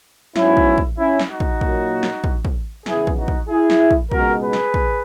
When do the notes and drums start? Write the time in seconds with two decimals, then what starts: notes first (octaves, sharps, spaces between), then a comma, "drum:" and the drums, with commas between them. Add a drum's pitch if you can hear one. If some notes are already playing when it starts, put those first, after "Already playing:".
0.36 G#2 F#3 B3 C#4 E4, drum: snare
0.57 drum: kick
0.78 drum: kick
0.98 C#4 E4
1.19 drum: snare
1.30 D#4 F#4
1.40 drum: kick
1.61 A#2 F#3 A#3, drum: kick
2.03 drum: snare
2.24 drum: kick
2.45 drum: kick
2.86 E2 C#3 E3 B3 E4 G#4, drum: snare
3.07 drum: kick
3.17 D#4 F#4
3.28 drum: kick
3.49 E4 G#4
3.70 drum: snare
3.91 drum: kick
4.11 C#2 B2 G#3 B3 F#4 A#4, drum: kick
4.43 G#4 B4
4.53 drum: snare
4.74 drum: kick